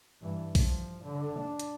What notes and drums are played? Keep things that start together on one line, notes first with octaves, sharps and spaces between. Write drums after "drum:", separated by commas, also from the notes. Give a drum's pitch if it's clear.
G2 E3
F3, drum: kick A#1, open hi-hat
D3
D4
drum: hi-hat